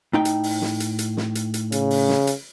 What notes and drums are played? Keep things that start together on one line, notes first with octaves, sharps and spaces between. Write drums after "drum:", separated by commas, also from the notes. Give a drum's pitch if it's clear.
A2 D#4 G5
drum: hi-hat
drum: open hi-hat
drum: snare
drum: hi-hat
drum: hi-hat
drum: snare
drum: hi-hat
drum: hi-hat
C#3, drum: hi-hat
drum: open hi-hat
drum: snare
drum: hi-hat